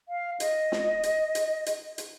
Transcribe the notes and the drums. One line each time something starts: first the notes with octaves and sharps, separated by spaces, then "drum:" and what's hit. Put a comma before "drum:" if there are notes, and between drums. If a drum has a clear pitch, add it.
F5
D#5, drum: hi-hat
drum: snare
drum: hi-hat
drum: hi-hat
drum: hi-hat
drum: hi-hat